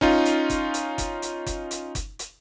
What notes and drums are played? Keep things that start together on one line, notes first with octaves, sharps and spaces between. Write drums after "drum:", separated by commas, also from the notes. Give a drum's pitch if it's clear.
C#4 D#4 F4, drum: kick F#1
drum: hi-hat
drum: kick F#1, hi-hat
drum: hi-hat
drum: kick F#1, hi-hat
drum: hi-hat
drum: kick F#1, hi-hat
drum: hi-hat
drum: kick F#1, hi-hat
drum: hi-hat